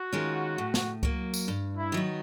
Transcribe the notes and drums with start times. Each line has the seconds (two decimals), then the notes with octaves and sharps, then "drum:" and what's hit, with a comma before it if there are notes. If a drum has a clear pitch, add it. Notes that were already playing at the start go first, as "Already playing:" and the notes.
Already playing: F#4
0.13 D#3 G#3 C#4 F4
0.58 A2
0.74 drum: snare
1.03 F#3 A#3, drum: kick C#2
1.34 drum: tambourine
1.48 G2
1.78 E4
1.92 D#3 F#3 B3